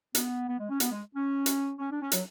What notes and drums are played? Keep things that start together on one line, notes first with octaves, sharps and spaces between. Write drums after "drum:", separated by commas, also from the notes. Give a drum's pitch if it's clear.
B3, drum: hi-hat
B3
G#3
C#4
B3, drum: hi-hat
G#3
C#4
drum: hi-hat
C#4
D4
C#4
F#3, drum: hi-hat